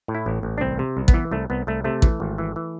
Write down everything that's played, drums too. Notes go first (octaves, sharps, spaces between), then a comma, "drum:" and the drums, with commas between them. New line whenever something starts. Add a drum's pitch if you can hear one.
A2
E4
A1
A1
D4
C2 C4
C3
C2
B3, drum: kick A1
E3
C2 A3
C2 B3
C2 A3
C3 A3
E3, drum: kick A1
G#1
E3
E3